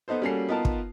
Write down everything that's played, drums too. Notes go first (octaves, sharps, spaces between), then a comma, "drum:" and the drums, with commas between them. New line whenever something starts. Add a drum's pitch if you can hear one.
B3 D#4 A4 C5
G3 A#3 C#4 F#4 A4 C7
B3 D#4 F4 A#4 A5
drum: kick